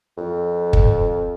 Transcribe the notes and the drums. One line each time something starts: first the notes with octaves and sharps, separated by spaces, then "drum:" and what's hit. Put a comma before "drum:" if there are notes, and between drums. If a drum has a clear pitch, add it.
F2
drum: kick